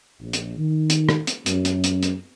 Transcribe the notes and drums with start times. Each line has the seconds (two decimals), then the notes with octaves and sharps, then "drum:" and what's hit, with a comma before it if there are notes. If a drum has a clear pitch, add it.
0.21 A#1
0.33 drum: hi-hat
0.57 D#3
0.90 drum: hi-hat
1.09 drum: rim click
1.27 drum: hi-hat
1.46 F#2, drum: hi-hat
1.65 drum: hi-hat
1.84 drum: hi-hat
2.03 drum: hi-hat